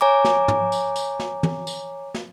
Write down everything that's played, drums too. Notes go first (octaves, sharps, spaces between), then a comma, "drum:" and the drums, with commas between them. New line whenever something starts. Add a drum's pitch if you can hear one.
C#5 G#5 A#5 D6
drum: snare
drum: tom
drum: tambourine
drum: tambourine
drum: snare
drum: tom E3
drum: tambourine
drum: snare